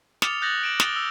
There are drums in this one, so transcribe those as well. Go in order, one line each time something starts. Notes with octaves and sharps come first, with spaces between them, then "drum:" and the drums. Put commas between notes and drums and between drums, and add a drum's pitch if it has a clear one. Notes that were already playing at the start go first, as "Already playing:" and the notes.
D6 D#6 F6 A6 C#7 F7, drum: snare
D#6 F#6 G6 A6 A#6 F#7
D7 E7 F#7
D#6 A6 G7, drum: snare
E6